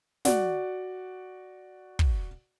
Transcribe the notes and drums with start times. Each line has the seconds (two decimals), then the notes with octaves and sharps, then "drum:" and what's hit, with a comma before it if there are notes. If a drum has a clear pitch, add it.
0.25 F#4 D5 F#5, drum: snare
1.99 drum: kick